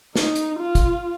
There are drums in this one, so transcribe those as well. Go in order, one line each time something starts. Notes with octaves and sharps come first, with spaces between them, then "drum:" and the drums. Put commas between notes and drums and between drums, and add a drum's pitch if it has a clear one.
D#4, drum: snare
drum: hi-hat
F4
drum: kick, hi-hat